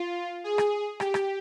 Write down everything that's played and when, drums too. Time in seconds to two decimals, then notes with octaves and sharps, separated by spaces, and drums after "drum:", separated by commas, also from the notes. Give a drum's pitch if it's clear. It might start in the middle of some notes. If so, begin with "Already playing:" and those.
Already playing: F4
0.44 G#4
0.58 drum: rim click
1.00 G4, drum: rim click
1.14 drum: rim click